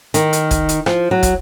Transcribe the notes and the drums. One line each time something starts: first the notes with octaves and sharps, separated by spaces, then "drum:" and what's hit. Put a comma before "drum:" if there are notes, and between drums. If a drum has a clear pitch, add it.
D#3, drum: hi-hat
drum: hi-hat
drum: kick, hi-hat
drum: hi-hat
F3, drum: rim click
F#3
drum: kick, hi-hat